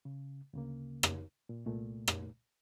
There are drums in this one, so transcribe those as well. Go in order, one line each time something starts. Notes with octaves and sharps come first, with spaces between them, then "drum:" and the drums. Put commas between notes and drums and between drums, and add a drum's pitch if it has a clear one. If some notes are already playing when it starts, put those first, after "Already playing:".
C#3
D2 C#3 A#3
drum: rim click
A#2
C2 A#2 A3
drum: rim click